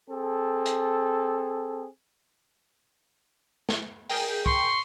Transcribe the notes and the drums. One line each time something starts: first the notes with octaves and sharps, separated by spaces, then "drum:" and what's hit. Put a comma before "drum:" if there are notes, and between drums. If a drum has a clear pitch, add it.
C4 G#4 A4
drum: hi-hat
drum: snare
G#4 A#4 G5, drum: open hi-hat
C6 C#6, drum: kick